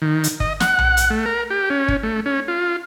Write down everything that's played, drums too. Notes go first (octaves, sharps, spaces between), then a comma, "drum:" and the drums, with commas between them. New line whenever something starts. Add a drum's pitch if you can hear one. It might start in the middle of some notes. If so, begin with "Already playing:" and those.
D#3
drum: hi-hat
D#5, drum: kick
F#5, drum: snare
drum: tom B1
drum: hi-hat
A3
A#4
G4
C#4
drum: kick
A3
C#4
F4